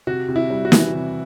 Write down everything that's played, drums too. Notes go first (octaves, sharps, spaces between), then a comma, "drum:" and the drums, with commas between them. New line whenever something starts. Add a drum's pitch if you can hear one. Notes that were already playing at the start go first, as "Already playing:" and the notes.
C3 F#4
C3
E4
G3
F#4
E3, drum: snare
C3